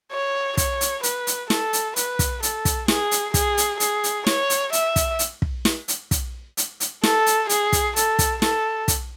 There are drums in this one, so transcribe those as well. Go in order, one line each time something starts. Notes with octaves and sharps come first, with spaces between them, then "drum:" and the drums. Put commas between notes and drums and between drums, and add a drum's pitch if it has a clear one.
C#5
C#5, drum: kick, hi-hat
drum: hi-hat
B4, drum: hi-hat
drum: hi-hat
A4, drum: snare
drum: hi-hat
B4, drum: hi-hat
drum: kick, hi-hat
A4, drum: hi-hat
drum: kick, hi-hat
G#4, drum: snare
drum: hi-hat
G#4, drum: kick, hi-hat
drum: hi-hat
G#4, drum: hi-hat
drum: hi-hat
C#5, drum: snare
drum: hi-hat
E5, drum: hi-hat
drum: kick, hi-hat
drum: hi-hat
drum: kick
drum: snare
drum: hi-hat
drum: kick, hi-hat
drum: hi-hat
drum: hi-hat
A4, drum: snare
drum: hi-hat
G#4, drum: hi-hat
drum: kick, hi-hat
A4, drum: hi-hat
drum: kick, hi-hat
A4, drum: snare
drum: kick, hi-hat